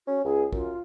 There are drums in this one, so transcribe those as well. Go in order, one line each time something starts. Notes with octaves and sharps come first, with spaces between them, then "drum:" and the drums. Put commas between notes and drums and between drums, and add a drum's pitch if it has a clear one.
C#4 F#4
C#2 G#4
F#2 F4, drum: kick